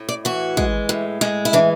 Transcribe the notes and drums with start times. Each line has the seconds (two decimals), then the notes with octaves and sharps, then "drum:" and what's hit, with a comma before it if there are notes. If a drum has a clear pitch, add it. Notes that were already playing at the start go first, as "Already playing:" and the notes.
Already playing: A2
0.09 D5
0.25 E3 F#4
0.57 G#3, drum: kick
0.89 A2
1.21 G#3, drum: snare
1.45 E4
1.53 E3 D4